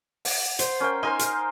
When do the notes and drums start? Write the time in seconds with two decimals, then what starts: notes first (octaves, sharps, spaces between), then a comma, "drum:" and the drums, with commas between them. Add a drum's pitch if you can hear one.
0.25 F#5, drum: open hi-hat
0.59 C5, drum: hi-hat
0.80 C#4 A#4 G5
1.03 D#4 A#4 C5 G#5 C6 F6
1.19 drum: hi-hat